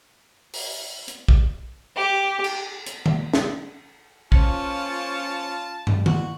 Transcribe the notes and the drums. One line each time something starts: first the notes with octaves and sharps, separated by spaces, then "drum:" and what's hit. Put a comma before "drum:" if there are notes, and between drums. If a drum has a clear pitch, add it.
drum: open hi-hat
drum: hi-hat
drum: kick
G4
drum: cymbal
drum: hi-hat
drum: tom D#3
drum: snare
F3 A#3 C#4 F4 A5, drum: kick
drum: tom
F#4, drum: tom D#3